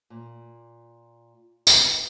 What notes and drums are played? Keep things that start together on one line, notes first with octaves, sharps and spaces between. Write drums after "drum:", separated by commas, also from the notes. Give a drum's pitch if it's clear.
A#2
B3, drum: tambourine